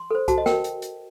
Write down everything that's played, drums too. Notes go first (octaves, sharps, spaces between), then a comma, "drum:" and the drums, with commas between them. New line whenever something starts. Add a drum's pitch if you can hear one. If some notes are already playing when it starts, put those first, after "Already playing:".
Already playing: C6
A4 C5
F#4 A5, drum: kick C2, hi-hat
D#5
A#4 G5, drum: snare
drum: hi-hat
drum: hi-hat